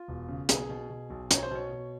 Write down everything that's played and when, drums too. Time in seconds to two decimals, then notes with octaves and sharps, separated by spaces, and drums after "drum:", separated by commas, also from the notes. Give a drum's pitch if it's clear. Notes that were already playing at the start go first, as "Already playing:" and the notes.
Already playing: F4
0.08 E1
0.28 C#3
0.49 B1 G#4, drum: hi-hat
0.69 B2
0.90 B2
1.10 B1
1.31 B1 C#5, drum: hi-hat
1.43 C5
1.51 B2 C#5
1.72 B2